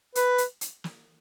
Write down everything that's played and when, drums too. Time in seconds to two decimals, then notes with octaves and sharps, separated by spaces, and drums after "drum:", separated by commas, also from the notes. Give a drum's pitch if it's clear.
0.15 B4, drum: hi-hat
0.38 drum: hi-hat
0.61 drum: hi-hat
0.84 drum: snare